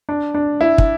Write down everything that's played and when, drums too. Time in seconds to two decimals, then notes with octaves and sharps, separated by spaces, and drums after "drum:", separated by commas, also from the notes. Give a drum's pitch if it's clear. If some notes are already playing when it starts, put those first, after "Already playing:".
0.09 D4
0.34 D4
0.61 E4
0.78 drum: kick